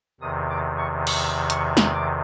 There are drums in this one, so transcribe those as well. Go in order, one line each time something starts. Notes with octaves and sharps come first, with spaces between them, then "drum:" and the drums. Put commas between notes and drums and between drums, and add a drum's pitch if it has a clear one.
E2 C3 D#3 D#6
D6
C#6
C#6, drum: cymbal
C#6, drum: hi-hat
drum: snare
D6